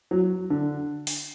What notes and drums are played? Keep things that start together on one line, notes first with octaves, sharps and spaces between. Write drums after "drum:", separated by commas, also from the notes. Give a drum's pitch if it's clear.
F#3
D3
drum: open hi-hat